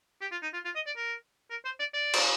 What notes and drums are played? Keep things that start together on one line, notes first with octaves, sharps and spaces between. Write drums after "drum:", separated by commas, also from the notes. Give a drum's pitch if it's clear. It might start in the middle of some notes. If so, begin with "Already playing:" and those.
G4
F4
D#4
F4
F4
D#5
D5
A#4
A#4
C5
D5
D5
drum: cymbal